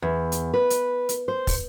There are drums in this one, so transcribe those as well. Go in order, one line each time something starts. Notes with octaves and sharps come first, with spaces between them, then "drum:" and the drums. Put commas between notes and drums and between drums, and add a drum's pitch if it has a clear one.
E2
drum: hi-hat
B4
drum: hi-hat
drum: hi-hat
C5
drum: kick, open hi-hat